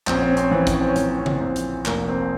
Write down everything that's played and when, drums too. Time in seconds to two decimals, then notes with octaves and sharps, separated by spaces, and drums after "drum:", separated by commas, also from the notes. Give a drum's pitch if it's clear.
0.07 A#1 C4, drum: clap
0.14 C#4
0.22 C4
0.29 C#4
0.37 C4, drum: hi-hat
0.44 C#4
0.51 E3 C4
0.59 C#4
0.67 C4, drum: kick, hi-hat
0.74 C#4
0.81 C4
0.88 C#4
0.96 E3 C4, drum: hi-hat
1.03 C#4
1.10 C4
1.18 C#4
1.26 C4, drum: tom C#3
1.33 C#4
1.41 A#1 C4
1.56 drum: hi-hat
1.86 F1 A#3, drum: clap
2.08 C4